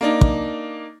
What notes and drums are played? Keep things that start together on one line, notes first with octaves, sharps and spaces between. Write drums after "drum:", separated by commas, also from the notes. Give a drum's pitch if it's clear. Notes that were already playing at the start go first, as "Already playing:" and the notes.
A#3 D4 D#4
drum: kick